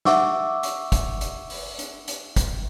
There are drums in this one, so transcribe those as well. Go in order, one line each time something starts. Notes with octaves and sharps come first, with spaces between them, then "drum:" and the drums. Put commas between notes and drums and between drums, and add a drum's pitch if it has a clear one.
E5 F#5 C#6 D6 E6, drum: snare
drum: hi-hat
drum: kick, hi-hat
drum: hi-hat
drum: open hi-hat
drum: hi-hat
drum: hi-hat
drum: kick, hi-hat